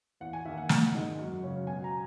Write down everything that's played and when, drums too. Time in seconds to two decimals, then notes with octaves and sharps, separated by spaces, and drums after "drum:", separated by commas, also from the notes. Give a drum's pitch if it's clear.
0.20 E2 F#5
0.33 G#5
0.45 D#3 A#3 E5
0.57 F#5
0.69 G#2, drum: snare
0.94 D#3 G#3 D#4
1.19 F#2
1.42 C#3 F#3 C#4
1.67 B2 G#5
1.84 A#5